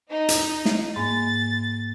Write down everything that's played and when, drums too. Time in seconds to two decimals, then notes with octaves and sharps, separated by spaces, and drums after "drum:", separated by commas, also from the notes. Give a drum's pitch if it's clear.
0.10 D#4
0.29 drum: hi-hat
0.65 drum: snare
0.96 G#2 A#3 G#5 A6